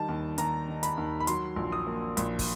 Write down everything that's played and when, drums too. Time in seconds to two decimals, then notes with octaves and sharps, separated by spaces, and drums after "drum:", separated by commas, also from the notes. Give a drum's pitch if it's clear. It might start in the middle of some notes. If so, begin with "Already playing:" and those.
Already playing: D#3 G3 A5
0.08 D#2
0.38 D#2 A#5, drum: hi-hat
0.68 D#3
0.83 B5, drum: hi-hat
0.97 D#2
1.20 B5
1.27 F#3 C6, drum: hi-hat
1.56 A#1
1.72 D#6
1.87 A#3
2.17 A#1, drum: hi-hat
2.39 drum: kick, open hi-hat